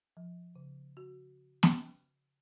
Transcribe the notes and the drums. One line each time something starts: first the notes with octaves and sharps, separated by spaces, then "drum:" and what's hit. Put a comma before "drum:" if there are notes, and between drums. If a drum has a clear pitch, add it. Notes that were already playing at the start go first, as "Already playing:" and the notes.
F3
C#3
F#4
drum: snare